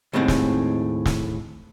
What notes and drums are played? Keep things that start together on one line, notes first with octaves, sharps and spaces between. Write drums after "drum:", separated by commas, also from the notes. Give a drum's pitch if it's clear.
D#2 A2 G#3 C4 F#5
drum: snare
drum: snare